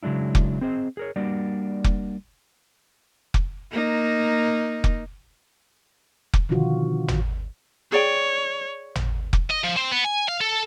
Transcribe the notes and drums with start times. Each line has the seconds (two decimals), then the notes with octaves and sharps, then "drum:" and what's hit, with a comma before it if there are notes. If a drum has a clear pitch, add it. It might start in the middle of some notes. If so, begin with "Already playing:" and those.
0.03 C#3 F#3 G#3 D4 E4
0.35 drum: kick F1
0.61 C4 G#4 C5 D#5
0.97 G#4 A#4 C#5
1.16 G3 A#3 D4 F#4 D5
1.84 drum: kick F1
3.34 drum: kick F1
3.72 A#3 D#4
4.84 drum: kick F1
6.33 drum: kick F1
6.49 B2 D3 D#3 F3 F4 F#4
7.08 drum: tom
7.92 G#4 C#5 D5 G5
8.95 drum: tom
9.33 drum: kick F1
9.51 D#5
9.64 F3
9.77 C4
9.91 B3
10.04 G#5
10.28 F5
10.41 A4